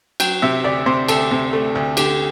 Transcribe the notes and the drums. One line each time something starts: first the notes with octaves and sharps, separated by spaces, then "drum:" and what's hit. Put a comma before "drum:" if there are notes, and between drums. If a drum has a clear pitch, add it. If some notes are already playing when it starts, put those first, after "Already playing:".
F#3 G5, drum: cymbal
C3 E5
D2 D5
C3 C5
D2 A4, drum: cymbal
C3
A3
D2
D3 G4, drum: cymbal